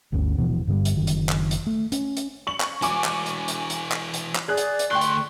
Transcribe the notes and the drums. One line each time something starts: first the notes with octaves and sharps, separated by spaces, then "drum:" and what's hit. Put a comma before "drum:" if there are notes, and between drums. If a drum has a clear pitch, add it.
G1 D2 C#4
D#1 B2 E3 F3
G2 D3 F3 G3
drum: hi-hat
F#1 D#3
drum: hi-hat
drum: clap
drum: hi-hat
A3
C#4, drum: hi-hat
drum: hi-hat
C#6 F#7
drum: clap
E3 F#4 G#5 C#6 D6, drum: hi-hat
drum: clap
drum: hi-hat
drum: hi-hat
drum: hi-hat
drum: clap
drum: hi-hat
drum: clap
G#4 D5 F#6
drum: hi-hat
drum: hi-hat
D2 G5 C6 C#6 F#6
drum: hi-hat